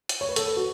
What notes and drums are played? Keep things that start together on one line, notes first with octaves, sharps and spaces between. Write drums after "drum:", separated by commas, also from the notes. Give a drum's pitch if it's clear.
drum: hi-hat
C#5
B4
A4, drum: hi-hat
F#4